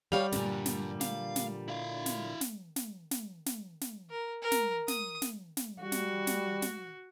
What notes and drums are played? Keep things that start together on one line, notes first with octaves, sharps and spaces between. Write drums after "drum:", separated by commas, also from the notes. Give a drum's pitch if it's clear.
G3 C#5 F5 G5 F7
G2 A#2 D3 D4, drum: snare
drum: snare
F5, drum: snare
drum: snare
E4 F5
drum: snare
drum: snare
drum: snare
drum: snare
drum: snare
drum: snare
A#4
A#4
drum: snare
D#6, drum: snare
drum: snare
drum: snare
G3 F#4
drum: snare
drum: snare
drum: snare